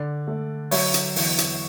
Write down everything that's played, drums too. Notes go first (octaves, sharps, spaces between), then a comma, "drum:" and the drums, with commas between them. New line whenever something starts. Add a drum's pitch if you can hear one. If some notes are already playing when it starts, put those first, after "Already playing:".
Already playing: D3 D5
A3
F#3 C#5 E5, drum: open hi-hat
drum: hi-hat
E2, drum: open hi-hat
drum: hi-hat